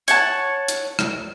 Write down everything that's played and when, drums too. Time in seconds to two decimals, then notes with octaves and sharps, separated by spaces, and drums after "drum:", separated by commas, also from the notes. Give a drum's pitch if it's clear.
0.08 C#5 F#5 A5, drum: hi-hat
0.68 drum: hi-hat
0.99 drum: rim click